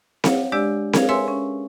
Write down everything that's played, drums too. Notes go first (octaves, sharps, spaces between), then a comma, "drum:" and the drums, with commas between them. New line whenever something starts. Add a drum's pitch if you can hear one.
C#5 F5 F#5, drum: snare C4
G#3 D4 G4 D5 E6
G#4 A#4 C#5 F5, drum: snare C4
B4 C#5 E5 G#5 C6 E6
C#4